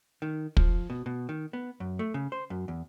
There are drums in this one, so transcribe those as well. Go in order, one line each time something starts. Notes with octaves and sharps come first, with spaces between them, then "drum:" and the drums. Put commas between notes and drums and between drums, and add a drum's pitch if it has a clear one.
D#3
F3, drum: kick
B2
B2
D#3
B3
F#2
A3
C#3
C5
F#2
E2